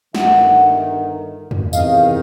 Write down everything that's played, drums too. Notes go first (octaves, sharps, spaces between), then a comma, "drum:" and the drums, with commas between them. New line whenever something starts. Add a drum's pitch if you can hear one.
G1 G2 D#3 E5 F#5, drum: snare
drum: tom
E2 C3 D#3 D#5 F5, drum: tambourine